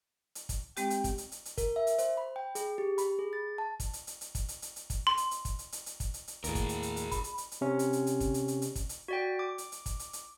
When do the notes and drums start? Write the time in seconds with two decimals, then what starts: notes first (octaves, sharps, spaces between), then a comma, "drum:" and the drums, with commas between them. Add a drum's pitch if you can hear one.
0.35 drum: hi-hat
0.49 drum: kick, hi-hat
0.77 G#3 C4 G4 G5, drum: hi-hat
0.90 drum: hi-hat
1.04 drum: kick, hi-hat
1.18 drum: hi-hat
1.32 drum: hi-hat
1.45 drum: hi-hat
1.58 A#4, drum: kick, hi-hat
1.76 E5
1.87 drum: hi-hat
1.98 C5, drum: hi-hat
2.17 B5
2.36 G5
2.55 G#4, drum: hi-hat
2.78 G4
2.98 B5, drum: hi-hat
3.19 G#4
3.33 A6
3.58 A5
3.80 drum: kick, hi-hat
3.93 drum: hi-hat
4.07 drum: hi-hat
4.21 drum: hi-hat
4.35 drum: kick, hi-hat
4.48 drum: hi-hat
4.62 drum: hi-hat
4.76 drum: hi-hat
4.90 drum: kick, hi-hat
5.07 C6
5.17 drum: hi-hat
5.31 drum: hi-hat
5.45 drum: kick, hi-hat
5.59 drum: hi-hat
5.72 drum: hi-hat
5.86 drum: hi-hat
6.00 drum: kick, hi-hat
6.14 drum: hi-hat
6.28 drum: hi-hat
6.44 D#2 A2 G#4 A#4, drum: hi-hat
6.55 drum: kick, hi-hat
6.69 drum: hi-hat
6.83 drum: hi-hat
6.96 drum: hi-hat
7.11 B5, drum: kick, hi-hat
7.24 drum: hi-hat
7.38 drum: hi-hat
7.52 drum: hi-hat
7.61 C3 C#4
7.79 drum: hi-hat
7.93 drum: hi-hat
8.07 drum: hi-hat
8.20 drum: kick, hi-hat
8.34 drum: hi-hat
8.48 drum: hi-hat
8.62 drum: hi-hat
8.76 drum: kick, hi-hat
8.89 drum: hi-hat
9.08 F#4 D5 G5
9.39 D6
9.58 drum: hi-hat
9.72 drum: hi-hat
9.86 drum: kick, hi-hat
9.99 drum: hi-hat
10.13 drum: hi-hat